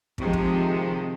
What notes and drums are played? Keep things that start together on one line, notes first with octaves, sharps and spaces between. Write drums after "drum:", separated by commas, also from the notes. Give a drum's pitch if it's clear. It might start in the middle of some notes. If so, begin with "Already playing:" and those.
C3 D#3 F3 G#3, drum: kick
drum: kick